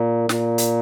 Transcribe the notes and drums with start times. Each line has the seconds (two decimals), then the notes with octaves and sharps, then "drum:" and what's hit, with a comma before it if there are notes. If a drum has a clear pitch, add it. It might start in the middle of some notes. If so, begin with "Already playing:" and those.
Already playing: A#2
0.29 A#2, drum: snare
0.58 drum: hi-hat